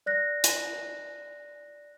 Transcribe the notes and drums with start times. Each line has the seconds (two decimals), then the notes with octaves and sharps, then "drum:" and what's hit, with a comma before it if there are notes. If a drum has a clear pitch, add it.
0.06 D5 F#6 A#6
0.44 drum: hi-hat